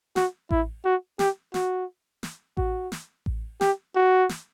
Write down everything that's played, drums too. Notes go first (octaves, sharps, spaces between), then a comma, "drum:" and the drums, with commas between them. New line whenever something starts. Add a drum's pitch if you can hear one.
F#4, drum: snare
E4, drum: kick A1
F#4
G4, drum: snare
F#4, drum: snare
drum: snare
F#4, drum: kick A1
drum: snare
drum: kick A1
G4, drum: snare
F#4
drum: snare